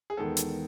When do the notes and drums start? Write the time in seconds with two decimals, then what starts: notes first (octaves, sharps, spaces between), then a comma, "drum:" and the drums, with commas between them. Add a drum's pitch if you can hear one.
0.10 G#4
0.17 E1 E2 D#3 G#3 B3 A4
0.37 drum: hi-hat